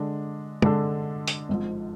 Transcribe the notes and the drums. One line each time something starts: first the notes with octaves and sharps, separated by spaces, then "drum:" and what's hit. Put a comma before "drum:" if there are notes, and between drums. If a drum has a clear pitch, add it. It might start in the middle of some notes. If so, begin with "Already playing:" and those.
Already playing: D3 G#3 D4 A4
D3 G#3 D4 A4, drum: tom
drum: hi-hat
G#1 G#2 F3